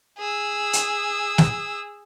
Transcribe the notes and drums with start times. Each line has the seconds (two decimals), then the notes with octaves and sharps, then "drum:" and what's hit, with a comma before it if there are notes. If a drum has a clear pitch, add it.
0.18 G#4 E6
0.73 drum: hi-hat
1.38 drum: snare